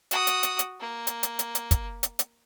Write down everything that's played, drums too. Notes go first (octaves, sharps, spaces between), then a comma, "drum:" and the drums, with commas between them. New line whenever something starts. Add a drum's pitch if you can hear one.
F#4 D#6, drum: hi-hat
drum: hi-hat
drum: hi-hat
drum: hi-hat
A#3
drum: hi-hat
drum: hi-hat
drum: hi-hat
drum: hi-hat
drum: kick, hi-hat
drum: hi-hat
drum: hi-hat